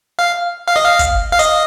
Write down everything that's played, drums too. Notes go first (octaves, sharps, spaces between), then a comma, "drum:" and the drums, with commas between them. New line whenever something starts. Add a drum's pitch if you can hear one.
F5
F5
D#5
F5
drum: kick, hi-hat
F5
D#5, drum: hi-hat